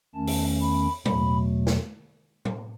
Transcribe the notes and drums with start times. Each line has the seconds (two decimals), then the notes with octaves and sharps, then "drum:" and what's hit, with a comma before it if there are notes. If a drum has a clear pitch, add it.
0.15 E2 D#3 A3 C#4 A5
0.27 drum: open hi-hat
0.61 B5
1.05 E2 B2 F#3 A3 B5, drum: tom A2
1.67 drum: snare
2.45 drum: tom A2